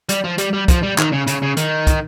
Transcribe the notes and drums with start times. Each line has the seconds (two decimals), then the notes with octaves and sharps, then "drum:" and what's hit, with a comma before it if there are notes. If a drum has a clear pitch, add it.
0.09 G3, drum: hi-hat
0.24 F3
0.38 G3, drum: hi-hat
0.53 G3
0.68 F3, drum: kick, hi-hat
0.83 G3
0.98 D#3, drum: clap
1.13 C#3
1.27 C#3, drum: hi-hat
1.42 C#3
1.57 D#3, drum: hi-hat
1.87 drum: kick, hi-hat